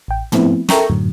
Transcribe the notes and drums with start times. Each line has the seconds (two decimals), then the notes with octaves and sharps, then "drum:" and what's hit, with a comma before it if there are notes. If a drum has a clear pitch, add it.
0.08 A1 G5
0.32 F3 A3 B3 C4 E4, drum: tom
0.69 A4 A#4 E5 G5 A#5 C#6, drum: snare
0.90 F#2 A2 D3 F#3